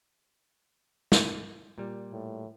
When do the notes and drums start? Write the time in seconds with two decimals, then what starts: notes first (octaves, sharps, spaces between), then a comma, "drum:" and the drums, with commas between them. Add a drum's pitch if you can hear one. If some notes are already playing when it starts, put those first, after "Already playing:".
1.12 drum: snare
1.78 A#2 G3
2.12 A2